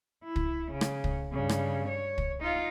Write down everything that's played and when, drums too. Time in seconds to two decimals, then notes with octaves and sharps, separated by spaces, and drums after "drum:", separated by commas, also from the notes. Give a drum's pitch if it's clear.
0.24 E4
0.36 drum: kick
0.72 C#3
0.81 drum: rim click
1.04 drum: kick
1.32 G2 C#3
1.49 drum: rim click
1.89 C#5
2.18 drum: kick
2.40 D#4 F4